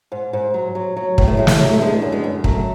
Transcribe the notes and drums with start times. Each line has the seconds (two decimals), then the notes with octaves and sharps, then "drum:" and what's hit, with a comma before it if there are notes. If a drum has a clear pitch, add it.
0.12 G#2
0.33 G#2
0.54 F#3
0.75 F#3
0.97 F#3
1.18 A2 B3, drum: kick
1.28 A3
1.37 A2 G#3
1.47 A3, drum: snare
1.60 F#3 G#3
1.73 A3
1.81 D3 G#3 B3
2.02 F#2
2.12 G#3 B3
2.24 F#2
2.44 F#3 A3, drum: kick